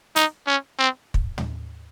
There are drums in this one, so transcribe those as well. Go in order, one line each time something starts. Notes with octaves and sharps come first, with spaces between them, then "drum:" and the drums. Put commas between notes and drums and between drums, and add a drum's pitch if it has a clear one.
D#4, drum: hi-hat
C#4
C4
drum: kick
drum: tom